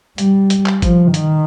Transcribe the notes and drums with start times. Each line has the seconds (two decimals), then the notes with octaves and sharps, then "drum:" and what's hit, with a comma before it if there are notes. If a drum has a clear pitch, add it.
0.18 G3, drum: hi-hat
0.50 drum: hi-hat
0.66 drum: clap
0.82 F3, drum: kick A1, hi-hat
1.14 D#3, drum: hi-hat